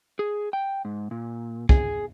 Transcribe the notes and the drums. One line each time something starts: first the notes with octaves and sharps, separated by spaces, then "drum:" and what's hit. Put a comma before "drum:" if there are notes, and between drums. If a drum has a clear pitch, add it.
G#4
G5
G#2
A#2
G#4, drum: kick